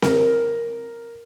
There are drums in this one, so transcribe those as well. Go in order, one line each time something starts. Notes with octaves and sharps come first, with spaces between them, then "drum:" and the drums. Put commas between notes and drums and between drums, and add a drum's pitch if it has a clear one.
A#4, drum: snare C4